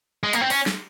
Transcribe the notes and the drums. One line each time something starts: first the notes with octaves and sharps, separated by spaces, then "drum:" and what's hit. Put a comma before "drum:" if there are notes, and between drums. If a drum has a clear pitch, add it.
G#3
A#3, drum: hi-hat
C4
C#4, drum: open hi-hat
drum: snare